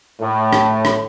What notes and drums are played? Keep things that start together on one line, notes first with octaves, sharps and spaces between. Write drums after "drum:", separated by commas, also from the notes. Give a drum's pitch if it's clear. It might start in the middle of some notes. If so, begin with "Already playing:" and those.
A2
drum: rim click
drum: rim click